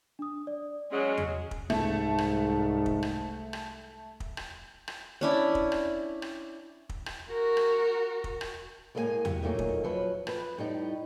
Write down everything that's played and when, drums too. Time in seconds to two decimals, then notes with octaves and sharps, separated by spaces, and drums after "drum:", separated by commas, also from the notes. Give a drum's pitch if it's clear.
0.19 D4 D#6
0.47 D5
0.91 F#3 G#3 C#4 G#4
1.18 drum: tom E2
1.51 drum: kick
1.70 C2 G#2 A3, drum: rim click
2.18 drum: rim click
2.86 drum: kick
3.03 drum: rim click
3.53 drum: rim click
4.20 drum: kick
4.37 drum: rim click
4.88 drum: rim click
5.21 C#4 D4 E4
5.55 drum: kick
5.72 drum: rim click
6.22 drum: rim click
6.89 drum: kick
7.06 drum: rim click
7.28 F#4 A#4
7.57 drum: rim click
8.24 drum: kick
8.41 drum: rim click
8.95 A2 G#3 A#3 G#4 G#5
9.25 F#4 G4, drum: tom E2
9.42 A#2 F#3 A3 A#3 D#4
9.59 drum: kick
9.84 F3 F#3 B4
10.27 F2 B4, drum: rim click
10.58 A2 G3 D#4